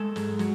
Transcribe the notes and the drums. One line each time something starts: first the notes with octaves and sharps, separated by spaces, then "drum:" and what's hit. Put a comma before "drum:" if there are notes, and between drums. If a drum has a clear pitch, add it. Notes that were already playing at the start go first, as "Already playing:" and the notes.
Already playing: G#3 A4
G#2, drum: snare
F#3, drum: snare